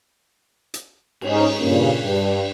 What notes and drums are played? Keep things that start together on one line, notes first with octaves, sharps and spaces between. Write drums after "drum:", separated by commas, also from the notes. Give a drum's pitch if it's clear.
drum: hi-hat
G#2 C#4 D#4, drum: cymbal
G2 A#2 C#3
G2